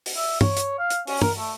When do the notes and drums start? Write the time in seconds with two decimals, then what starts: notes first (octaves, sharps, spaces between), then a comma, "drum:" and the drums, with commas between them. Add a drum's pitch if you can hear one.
0.06 drum: open hi-hat
0.16 E5
0.41 C#5, drum: tom
0.57 drum: hi-hat
0.79 F5
0.90 drum: hi-hat
1.07 C#4, drum: open hi-hat
1.21 A#4, drum: tom
1.38 A3